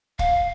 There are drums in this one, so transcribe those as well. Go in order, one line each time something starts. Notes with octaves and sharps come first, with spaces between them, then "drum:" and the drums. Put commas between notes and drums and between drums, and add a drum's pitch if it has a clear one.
F5, drum: kick